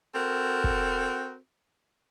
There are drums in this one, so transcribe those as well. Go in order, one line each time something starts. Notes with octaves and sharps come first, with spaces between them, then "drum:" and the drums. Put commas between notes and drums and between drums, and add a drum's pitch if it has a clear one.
C4 F#4 A4 A#4
drum: kick